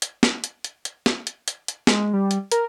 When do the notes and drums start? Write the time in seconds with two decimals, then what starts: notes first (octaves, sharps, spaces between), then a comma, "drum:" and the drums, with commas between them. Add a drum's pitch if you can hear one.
0.02 drum: hi-hat
0.23 drum: snare
0.44 drum: hi-hat
0.64 drum: hi-hat
0.85 drum: hi-hat
1.06 drum: snare
1.27 drum: hi-hat
1.48 drum: hi-hat
1.68 drum: hi-hat
1.87 G#3, drum: snare
2.13 G3
2.31 drum: hi-hat
2.52 A#4, drum: hi-hat